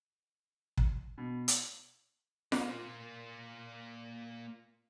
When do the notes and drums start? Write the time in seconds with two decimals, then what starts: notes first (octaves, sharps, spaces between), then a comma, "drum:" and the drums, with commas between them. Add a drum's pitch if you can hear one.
0.78 drum: kick
1.18 B2
1.48 drum: hi-hat
2.52 A#3 F4, drum: snare F4